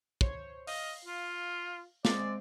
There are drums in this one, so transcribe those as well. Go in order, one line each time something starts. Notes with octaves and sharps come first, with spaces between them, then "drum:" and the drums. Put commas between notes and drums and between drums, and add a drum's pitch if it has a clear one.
C5 C#5, drum: kick
D#5 F5, drum: open hi-hat
F4
G#3 C4 D5, drum: snare